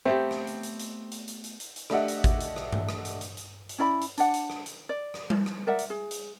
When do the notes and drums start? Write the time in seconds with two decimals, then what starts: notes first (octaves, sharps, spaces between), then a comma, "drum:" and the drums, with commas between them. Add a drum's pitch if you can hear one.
0.05 A3 B3 C4 G4
0.31 drum: rim click
0.47 drum: hi-hat
0.63 drum: hi-hat
0.79 drum: hi-hat
1.11 drum: hi-hat
1.28 drum: hi-hat
1.44 drum: hi-hat
1.60 drum: hi-hat
1.76 drum: hi-hat
1.90 A3 D4 G4 D#5 E5 F#5, drum: rim click
2.08 drum: hi-hat
2.24 drum: kick G#1, hi-hat
2.40 drum: hi-hat
2.56 drum: rim click
2.72 drum: tom G2
2.89 drum: rim click
3.05 drum: hi-hat
3.21 drum: hi-hat
3.37 drum: hi-hat
3.69 drum: hi-hat
3.78 C#4 E4 D5 B5
4.01 drum: hi-hat
4.17 D4 D5 F#5, drum: hi-hat
4.34 drum: hi-hat
4.50 drum: rim click
4.66 drum: hi-hat
4.89 D5
5.14 drum: rim click
5.30 drum: tom G3
5.46 drum: rim click
5.67 A#4 D5 E5 F#5
5.78 drum: hi-hat
5.90 G#4
6.11 drum: hi-hat